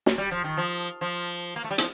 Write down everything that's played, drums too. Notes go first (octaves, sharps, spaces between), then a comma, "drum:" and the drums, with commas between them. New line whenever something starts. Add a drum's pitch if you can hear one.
drum: snare
G3
F3
D#3
F3
F3
A#3
A3
G3
F3, drum: hi-hat